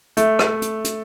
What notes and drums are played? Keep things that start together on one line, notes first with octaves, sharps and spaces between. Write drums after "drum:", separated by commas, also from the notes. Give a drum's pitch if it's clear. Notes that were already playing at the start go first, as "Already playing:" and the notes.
A3, drum: hi-hat
drum: rim click
drum: hi-hat
drum: hi-hat